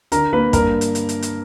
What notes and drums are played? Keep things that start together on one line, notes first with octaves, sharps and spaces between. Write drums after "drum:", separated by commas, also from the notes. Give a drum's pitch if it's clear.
D3 A#4 A#5, drum: hi-hat
A#3 B4 B5
G2 A#4 A#5, drum: kick, hi-hat
drum: hi-hat
drum: hi-hat
drum: hi-hat
drum: hi-hat